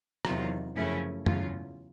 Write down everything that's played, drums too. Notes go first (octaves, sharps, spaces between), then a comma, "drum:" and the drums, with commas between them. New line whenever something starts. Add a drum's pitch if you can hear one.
E2 C3 D#3 F#3 F4, drum: rim click
F#2 C#3 F3 A3 C#4 E4
E2 C#3 F#3 F4, drum: tom